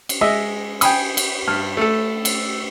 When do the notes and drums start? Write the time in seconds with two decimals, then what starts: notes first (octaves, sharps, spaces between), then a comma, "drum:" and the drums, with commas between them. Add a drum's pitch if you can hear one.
0.09 drum: cymbal
0.21 G#3 D#5 E5
0.81 G5 G#5 B5 D#6, drum: cymbal
1.17 drum: cymbal
1.47 G2 F6
1.77 A3 A4
2.25 drum: cymbal